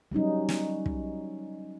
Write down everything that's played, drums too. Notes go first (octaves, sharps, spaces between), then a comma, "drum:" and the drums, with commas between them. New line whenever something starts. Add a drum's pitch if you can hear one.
F#3 G3 C#4 D#4
drum: snare
drum: kick